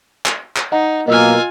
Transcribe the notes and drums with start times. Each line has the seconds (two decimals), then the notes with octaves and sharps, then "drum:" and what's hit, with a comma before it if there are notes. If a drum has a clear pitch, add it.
0.26 drum: clap
0.56 drum: clap
0.72 D#4 D#5 F#5 A#5
1.08 B2 F#3 A#3 F4 D#5 G#5 E6 F6